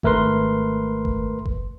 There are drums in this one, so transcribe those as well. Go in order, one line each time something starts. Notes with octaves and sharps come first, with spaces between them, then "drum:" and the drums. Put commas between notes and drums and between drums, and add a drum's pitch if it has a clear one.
G#1 A3 A#4 B4 C6, drum: kick F#1
drum: kick F#1
drum: kick F#1